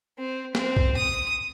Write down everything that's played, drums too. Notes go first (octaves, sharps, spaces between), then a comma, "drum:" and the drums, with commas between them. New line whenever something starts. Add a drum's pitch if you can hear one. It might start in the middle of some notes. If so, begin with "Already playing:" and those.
C4
C4, drum: snare
drum: kick
D#6